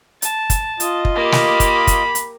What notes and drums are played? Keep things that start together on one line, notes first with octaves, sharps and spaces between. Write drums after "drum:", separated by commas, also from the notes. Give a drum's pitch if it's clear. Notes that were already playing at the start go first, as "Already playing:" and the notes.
A5, drum: hi-hat
drum: kick, hi-hat
F4 D#5, drum: hi-hat
drum: kick
A#3 G4 B5
drum: snare
drum: kick, hi-hat
drum: kick, hi-hat
drum: hi-hat